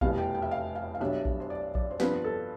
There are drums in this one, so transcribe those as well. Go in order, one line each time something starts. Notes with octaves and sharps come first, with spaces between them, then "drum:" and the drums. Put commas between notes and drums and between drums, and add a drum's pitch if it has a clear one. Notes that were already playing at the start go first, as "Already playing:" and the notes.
F1 E2 B2 G3 F5, drum: kick A#1
G5
G5
E5
F5
F5
F5
B1 B2 G3 D4 E5
drum: kick A#1
C5
D5
D5, drum: kick A#1
C5
G2 F3 B3 B4, drum: snare
A4